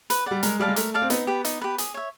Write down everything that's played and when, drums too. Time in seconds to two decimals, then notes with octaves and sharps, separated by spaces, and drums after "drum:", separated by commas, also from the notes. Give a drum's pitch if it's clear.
0.10 B4, drum: hi-hat
0.26 G3 D5 F#5
0.43 G#3 A#4, drum: hi-hat
0.59 G3 D5 F5 A5
0.68 G#3
0.76 A3 A#4, drum: hi-hat
0.94 D5 F5 A5
1.02 C4
1.10 B3 D#4, drum: hi-hat
1.27 G4 B4
1.45 D#4, drum: hi-hat
1.62 G4 B4
1.78 G#4, drum: hi-hat
1.94 C#5 E5